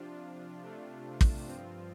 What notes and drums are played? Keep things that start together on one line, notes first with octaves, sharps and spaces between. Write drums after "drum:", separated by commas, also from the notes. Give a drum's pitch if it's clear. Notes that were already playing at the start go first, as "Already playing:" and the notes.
Already playing: C3 F3 D4 F4
C3 A3 D4 F4
drum: kick
G2 F3 C4 F4